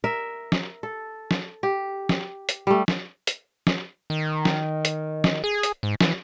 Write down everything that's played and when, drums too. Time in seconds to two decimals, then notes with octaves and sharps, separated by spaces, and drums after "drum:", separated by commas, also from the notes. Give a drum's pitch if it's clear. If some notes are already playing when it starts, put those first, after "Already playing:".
0.04 A#4 E5
0.52 drum: snare
0.83 A4
1.31 drum: snare
1.63 G4
2.09 drum: snare
2.49 drum: hi-hat
2.67 G3 A3
2.88 drum: snare
3.27 drum: hi-hat
3.67 drum: snare
4.10 D#3
4.45 drum: snare
4.85 drum: hi-hat
5.24 drum: snare
5.44 G#4
5.63 drum: hi-hat
5.83 G#2
6.01 E3, drum: snare